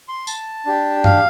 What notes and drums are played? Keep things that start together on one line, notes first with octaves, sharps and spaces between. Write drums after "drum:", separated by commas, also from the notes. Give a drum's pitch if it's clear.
C6
A5, drum: tambourine
D4 G4
F5, drum: tom